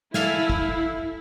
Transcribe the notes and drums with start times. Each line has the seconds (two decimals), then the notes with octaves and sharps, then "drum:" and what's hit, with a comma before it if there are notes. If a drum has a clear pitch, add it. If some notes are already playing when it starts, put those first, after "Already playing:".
0.14 E4 A4 F5 G#5, drum: snare
0.50 drum: kick